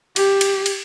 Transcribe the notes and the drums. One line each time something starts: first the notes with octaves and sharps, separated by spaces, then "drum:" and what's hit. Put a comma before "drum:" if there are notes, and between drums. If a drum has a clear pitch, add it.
G4, drum: cymbal
drum: cymbal
drum: cymbal